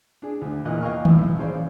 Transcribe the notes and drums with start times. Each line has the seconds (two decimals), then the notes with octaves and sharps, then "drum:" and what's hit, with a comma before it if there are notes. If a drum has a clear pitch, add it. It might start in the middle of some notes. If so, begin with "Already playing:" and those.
0.22 D4 G#4
0.41 D2
0.65 E2 A#2 E3 A#4 D#5 F#6
0.81 D#5 F5 G5 G#5 C#6 F6
1.05 B1 A2 E4 E6, drum: tom D#3
1.38 C#4 G#4 C5 D5 F5